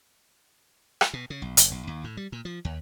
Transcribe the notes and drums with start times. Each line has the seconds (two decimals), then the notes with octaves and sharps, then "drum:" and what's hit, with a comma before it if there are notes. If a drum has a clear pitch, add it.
1.01 drum: rim click
1.13 B2
1.30 C#3
1.42 B1
1.57 F#1, drum: hi-hat
1.71 B1
1.87 D#2
2.04 A2
2.17 G3
2.32 A#2
2.45 F3
2.65 D#2